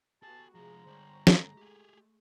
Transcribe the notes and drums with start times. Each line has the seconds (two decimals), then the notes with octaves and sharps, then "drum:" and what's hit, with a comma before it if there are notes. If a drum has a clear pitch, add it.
0.23 B3 F#4 G4 A4 G#5 A5
0.55 C3 F3 G#3 G#4 A#5
0.87 D3 G3 C5 C#5
1.27 G#3 A3, drum: snare
1.57 G4 G#4